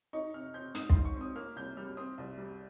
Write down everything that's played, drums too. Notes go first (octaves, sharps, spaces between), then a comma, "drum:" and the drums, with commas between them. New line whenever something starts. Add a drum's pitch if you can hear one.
D#4 C#6
C3 F6
C4 G6
G#2 D#6, drum: hi-hat
C6, drum: kick
G#2
C#6
C4
D#6
A#3 F6
C2 G6
G3 F6
C4 D#6
C2
G3